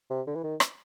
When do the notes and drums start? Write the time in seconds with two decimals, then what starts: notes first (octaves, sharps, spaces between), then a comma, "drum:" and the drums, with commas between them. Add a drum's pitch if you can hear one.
0.10 C3
0.27 D3
0.35 E3
0.43 D#3
0.60 drum: rim click